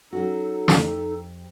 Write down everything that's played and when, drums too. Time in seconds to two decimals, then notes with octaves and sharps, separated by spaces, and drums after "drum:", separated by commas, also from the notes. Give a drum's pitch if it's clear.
0.13 F#3 C#4 D#4 F#4 A4
0.68 F2 G4, drum: snare